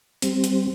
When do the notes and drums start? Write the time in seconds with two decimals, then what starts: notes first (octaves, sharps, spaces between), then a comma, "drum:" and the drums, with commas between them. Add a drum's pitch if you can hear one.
0.22 G3 C4, drum: hi-hat
0.44 drum: hi-hat